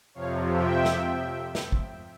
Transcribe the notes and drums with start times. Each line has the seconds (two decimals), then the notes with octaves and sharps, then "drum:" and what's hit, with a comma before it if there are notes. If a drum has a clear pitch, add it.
0.14 F2 C3 F3 C#5 F5
0.50 E5 G5
0.85 drum: snare
1.55 drum: snare
1.72 drum: kick